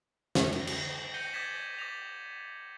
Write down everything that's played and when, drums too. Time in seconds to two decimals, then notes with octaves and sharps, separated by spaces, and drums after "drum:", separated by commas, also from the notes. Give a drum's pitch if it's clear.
0.35 drum: snare
0.53 drum: cymbal
0.67 drum: cymbal
0.83 F#7
1.14 G6 A#6 C#7 D#7 G7
1.33 D6 G#6 A6 B6 E7
1.79 D6 A#6 F7